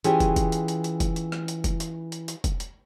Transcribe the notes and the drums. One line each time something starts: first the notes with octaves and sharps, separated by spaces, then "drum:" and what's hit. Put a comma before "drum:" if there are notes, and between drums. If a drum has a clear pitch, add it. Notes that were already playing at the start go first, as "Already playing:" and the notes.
E3 C#4 F4 G4 G#4, drum: hi-hat
drum: kick, hi-hat
drum: kick, hi-hat
drum: hi-hat
drum: hi-hat
drum: hi-hat
drum: kick, hi-hat
drum: hi-hat
drum: rim click
drum: hi-hat
drum: kick, hi-hat
drum: hi-hat
drum: hi-hat
drum: hi-hat
drum: kick, hi-hat
drum: hi-hat